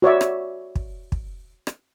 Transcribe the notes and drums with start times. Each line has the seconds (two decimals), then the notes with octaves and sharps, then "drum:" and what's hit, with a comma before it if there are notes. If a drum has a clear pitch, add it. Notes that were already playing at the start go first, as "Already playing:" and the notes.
0.02 F#4 C#5 D5 E5
0.21 drum: rim click
0.75 drum: kick
1.12 drum: kick
1.67 drum: rim click